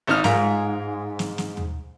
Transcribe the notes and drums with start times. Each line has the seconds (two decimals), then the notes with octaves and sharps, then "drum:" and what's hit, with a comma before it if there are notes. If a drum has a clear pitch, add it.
0.07 G#1 D#4 F6
0.24 G#2 F4 A#4 A#5, drum: snare
1.19 drum: snare
1.38 drum: snare
1.57 drum: tom D#2